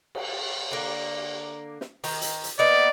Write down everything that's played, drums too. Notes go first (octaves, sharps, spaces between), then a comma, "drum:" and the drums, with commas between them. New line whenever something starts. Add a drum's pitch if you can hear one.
drum: cymbal
D3 A#3
drum: snare
D#3 A#5, drum: open hi-hat
drum: hi-hat
drum: hi-hat
A#3 B3 D#4 D5